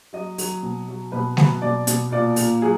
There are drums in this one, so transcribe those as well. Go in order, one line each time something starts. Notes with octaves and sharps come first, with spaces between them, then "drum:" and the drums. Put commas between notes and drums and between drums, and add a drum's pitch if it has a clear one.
F#3 D#5
F#3, drum: open hi-hat
B2
F#3
B2 B4
F#3 B4, drum: snare G#3
B2 D5
B2, drum: hi-hat
A#2 D5
A#2, drum: open hi-hat
F#3 G#4